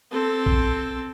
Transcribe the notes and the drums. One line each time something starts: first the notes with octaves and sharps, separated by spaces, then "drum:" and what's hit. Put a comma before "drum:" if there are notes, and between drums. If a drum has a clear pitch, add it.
C4 A4
drum: kick A#1